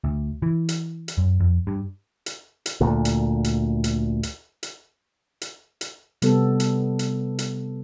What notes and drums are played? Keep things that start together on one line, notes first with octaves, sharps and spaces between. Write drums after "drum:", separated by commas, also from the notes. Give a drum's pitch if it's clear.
D2
E3
drum: hi-hat
drum: hi-hat
F#2
F2
G2
drum: hi-hat
drum: hi-hat
D2 A#2
drum: hi-hat
drum: hi-hat
drum: hi-hat
drum: hi-hat
drum: hi-hat
drum: hi-hat
drum: hi-hat
C3 G3 B3 A4, drum: hi-hat
drum: hi-hat
drum: hi-hat
drum: hi-hat